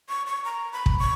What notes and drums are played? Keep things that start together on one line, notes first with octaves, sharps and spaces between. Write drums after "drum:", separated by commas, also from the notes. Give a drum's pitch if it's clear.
C#6
C#6
A#5
B5
drum: kick
C#6